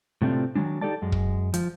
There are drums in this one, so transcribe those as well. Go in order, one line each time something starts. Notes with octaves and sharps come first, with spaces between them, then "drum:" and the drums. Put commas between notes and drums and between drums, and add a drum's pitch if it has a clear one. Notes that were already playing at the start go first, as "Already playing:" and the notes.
A2 C3 A3 C4 D4 F4
D#3 F#3 G#3 D4
D#4 G4 A4 D5 A5
F#2 G#3
drum: kick
F3, drum: hi-hat